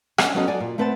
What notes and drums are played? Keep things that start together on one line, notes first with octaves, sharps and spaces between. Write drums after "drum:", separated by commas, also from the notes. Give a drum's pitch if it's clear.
C#4 D4 E4 D#5 F#5 G#5, drum: rim click
F#3 B3 C#4 F#4 A4 D#5
F#4 A4 D5 G#5
A#2
A3 C4 B4 F#5 G5 A5